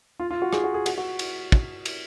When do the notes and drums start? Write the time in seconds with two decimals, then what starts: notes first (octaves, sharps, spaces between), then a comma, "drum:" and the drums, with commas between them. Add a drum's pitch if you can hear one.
0.20 F4
0.31 F4
0.42 F#4
0.53 G#4, drum: rim click
0.64 F#4
0.74 G#4
0.86 F#4, drum: cymbal
0.98 F#4
1.19 drum: cymbal
1.52 drum: kick
1.85 drum: cymbal